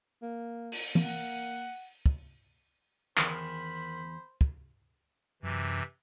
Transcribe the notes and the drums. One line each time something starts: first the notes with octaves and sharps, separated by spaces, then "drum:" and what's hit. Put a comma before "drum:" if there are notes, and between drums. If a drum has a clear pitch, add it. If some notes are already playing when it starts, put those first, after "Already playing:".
A#3
drum: open hi-hat
A#3 F#5, drum: tom
drum: kick
E2 D#3 C5 B5, drum: clap
drum: kick
F#2 C3 E3